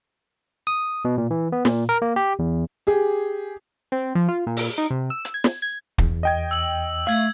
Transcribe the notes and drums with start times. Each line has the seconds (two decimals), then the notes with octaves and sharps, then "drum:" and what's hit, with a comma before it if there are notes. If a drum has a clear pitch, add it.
0.67 D#6
1.05 B2
1.18 A#2
1.31 E3
1.52 B3
1.65 A#2, drum: snare
1.89 A#4
2.02 A#3
2.16 G4
2.39 E2
2.87 G4 G#4
3.92 C4
4.15 F3
4.28 F4
4.47 A#2
4.57 drum: open hi-hat
4.78 D#4
4.90 C3
5.10 E6
5.25 drum: hi-hat
5.34 G#6
5.44 drum: snare
5.62 G#6
5.98 E2, drum: kick
6.23 D#5 G5 G#6
6.51 E6 F#7
7.07 A3 F5 E6 G#6